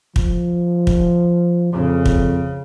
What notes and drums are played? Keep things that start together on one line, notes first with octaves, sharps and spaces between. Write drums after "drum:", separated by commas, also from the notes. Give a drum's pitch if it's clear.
F3, drum: kick
drum: kick
F2 C#3
drum: kick